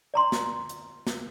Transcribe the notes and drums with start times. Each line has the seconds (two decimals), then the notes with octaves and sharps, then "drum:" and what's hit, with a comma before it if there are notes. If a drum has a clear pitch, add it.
0.14 D5 A#5 C6
0.32 drum: snare
0.69 drum: hi-hat
1.07 drum: snare